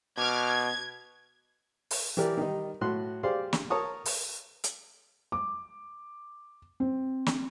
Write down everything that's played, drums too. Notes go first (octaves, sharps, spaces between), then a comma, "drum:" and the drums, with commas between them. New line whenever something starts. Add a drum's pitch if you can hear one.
B2 D6 F6 G#6
G#6
drum: open hi-hat
E3 G4 A#4 D5
D#3 G3 D#4
A2 F#4 C6 F#6
G4 G#4 C5 D5 F5 C6
drum: snare
A#4 C#5 A5 A#5 C#6 D#6
drum: open hi-hat
drum: hi-hat
D6
C4
drum: snare